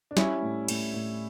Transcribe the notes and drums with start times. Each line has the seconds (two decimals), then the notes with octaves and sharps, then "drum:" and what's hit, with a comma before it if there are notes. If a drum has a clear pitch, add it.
0.11 D4
0.17 G3 C#4 E4, drum: snare
0.42 A2
0.68 A2, drum: cymbal
0.94 A2